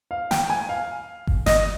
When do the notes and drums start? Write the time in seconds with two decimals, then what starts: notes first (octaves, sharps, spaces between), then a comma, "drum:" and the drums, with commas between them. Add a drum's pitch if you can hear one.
0.11 F5
0.31 G5, drum: snare
0.50 G#5
0.69 F5
1.27 drum: kick G1
1.46 D#5, drum: snare